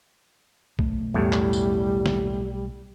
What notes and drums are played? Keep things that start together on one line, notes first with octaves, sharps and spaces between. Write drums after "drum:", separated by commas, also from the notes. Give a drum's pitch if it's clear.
B1 A3, drum: kick B1
E2 A2 G3
drum: clap
drum: tambourine
drum: snare